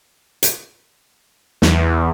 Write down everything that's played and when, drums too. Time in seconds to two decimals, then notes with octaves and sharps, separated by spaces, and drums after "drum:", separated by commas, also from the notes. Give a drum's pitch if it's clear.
0.43 drum: hi-hat
1.62 E2, drum: snare